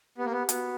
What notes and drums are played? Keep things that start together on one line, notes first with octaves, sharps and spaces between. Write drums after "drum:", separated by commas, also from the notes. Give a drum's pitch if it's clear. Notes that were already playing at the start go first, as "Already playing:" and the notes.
B3 G4
A#3
B3
B3 F#4, drum: hi-hat